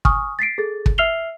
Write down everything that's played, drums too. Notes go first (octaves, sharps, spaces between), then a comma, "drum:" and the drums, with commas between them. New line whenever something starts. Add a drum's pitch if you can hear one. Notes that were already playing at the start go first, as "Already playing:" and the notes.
G#5 C#6 D#6 F6, drum: kick
A6 B6 C7 D7
G#4 A4 A6
drum: kick
E5 E6 F6 C7 F7 G7